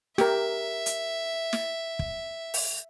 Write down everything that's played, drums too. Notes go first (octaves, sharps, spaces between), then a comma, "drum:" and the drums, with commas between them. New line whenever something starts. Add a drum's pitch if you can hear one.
G4 A#4 E5, drum: snare
drum: hi-hat
drum: snare
drum: kick
drum: open hi-hat